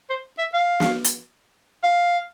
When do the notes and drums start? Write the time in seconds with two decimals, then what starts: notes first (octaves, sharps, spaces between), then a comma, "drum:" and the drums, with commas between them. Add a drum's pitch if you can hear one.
0.10 C5
0.38 E5
0.53 F5
0.80 drum: snare
1.04 drum: hi-hat
1.83 F5